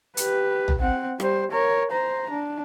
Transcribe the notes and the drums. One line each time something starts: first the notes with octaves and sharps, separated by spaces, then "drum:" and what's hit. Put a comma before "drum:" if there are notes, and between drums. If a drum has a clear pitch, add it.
G4 B4, drum: hi-hat
drum: tom
C4 F#5
G3 C5, drum: rim click
A#4 C#5
C5 A#5
D4